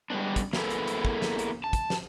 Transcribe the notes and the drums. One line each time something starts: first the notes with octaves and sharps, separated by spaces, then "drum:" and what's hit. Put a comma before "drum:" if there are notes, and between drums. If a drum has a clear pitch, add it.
G3 G#3 B3 D4
drum: kick, hi-hat
A#3 B3 E4 G#4 A4 B4, drum: snare
drum: hi-hat
drum: hi-hat
drum: kick
drum: snare
drum: hi-hat
A5
drum: kick, hi-hat
drum: snare